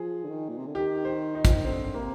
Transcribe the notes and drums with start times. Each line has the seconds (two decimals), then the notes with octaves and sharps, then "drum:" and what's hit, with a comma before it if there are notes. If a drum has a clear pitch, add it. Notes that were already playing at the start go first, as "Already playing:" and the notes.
Already playing: F3 G#4
0.24 D3
0.30 D#3
0.49 A#2
0.58 C3
0.67 D3
0.75 D#3 G4
1.05 C5
1.35 D#4
1.45 F3, drum: kick, hi-hat
1.54 D#3
1.65 D3 C4
1.94 C3 A#3